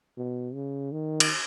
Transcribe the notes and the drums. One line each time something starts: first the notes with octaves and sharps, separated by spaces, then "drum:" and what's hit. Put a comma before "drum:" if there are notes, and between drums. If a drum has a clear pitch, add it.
B2
C#3
D#3
drum: cymbal